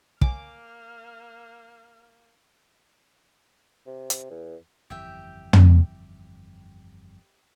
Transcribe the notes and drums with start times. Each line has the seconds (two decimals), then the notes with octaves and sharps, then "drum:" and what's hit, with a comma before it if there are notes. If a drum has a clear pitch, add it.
0.21 A#3 C#5 G#5 D6 F6, drum: kick
3.87 C3
4.10 drum: hi-hat
4.30 E2
4.90 G1 F2 E3 G4 E5 G5
5.53 drum: tom